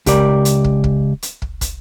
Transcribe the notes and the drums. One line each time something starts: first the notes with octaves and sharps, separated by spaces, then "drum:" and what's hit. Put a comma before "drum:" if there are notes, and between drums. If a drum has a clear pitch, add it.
C#2 G4 A#4 D5, drum: kick, hi-hat
drum: hi-hat
drum: kick
drum: kick
drum: hi-hat
drum: kick
drum: kick, hi-hat